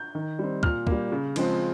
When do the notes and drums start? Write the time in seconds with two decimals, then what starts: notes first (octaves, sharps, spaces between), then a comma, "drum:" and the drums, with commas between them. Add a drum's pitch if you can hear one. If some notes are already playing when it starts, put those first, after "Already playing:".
Already playing: G6
0.15 D#3
0.39 G3 C4
0.63 A#2 F6, drum: kick
0.87 A#3, drum: kick
0.92 G3
1.12 C#3
1.36 F3 G#3 C4, drum: cymbal